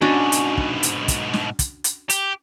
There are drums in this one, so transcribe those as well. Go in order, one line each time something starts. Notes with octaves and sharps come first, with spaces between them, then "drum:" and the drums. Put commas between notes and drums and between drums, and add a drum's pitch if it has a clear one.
G#2 B2 C#4 D4 F#4
drum: hi-hat
drum: kick
drum: hi-hat
drum: kick, hi-hat
drum: snare
drum: kick, hi-hat
drum: hi-hat
G4, drum: hi-hat